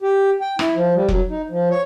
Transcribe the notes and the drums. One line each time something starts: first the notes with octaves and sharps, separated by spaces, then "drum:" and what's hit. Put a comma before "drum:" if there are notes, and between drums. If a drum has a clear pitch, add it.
G4
G5
E4, drum: rim click
F3
G3
F#3, drum: kick F1
D#4
F3
C#5